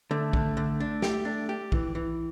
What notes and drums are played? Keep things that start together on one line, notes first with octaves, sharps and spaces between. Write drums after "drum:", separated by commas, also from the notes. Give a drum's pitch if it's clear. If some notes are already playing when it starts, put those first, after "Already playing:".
D3 A3
D3, drum: kick B1
D3
D4
G4, drum: snare
D4
G4
E3, drum: kick B1
E3